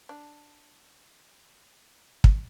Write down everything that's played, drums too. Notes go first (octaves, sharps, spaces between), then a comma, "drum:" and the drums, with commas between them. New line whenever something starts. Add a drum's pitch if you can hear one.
D4
drum: kick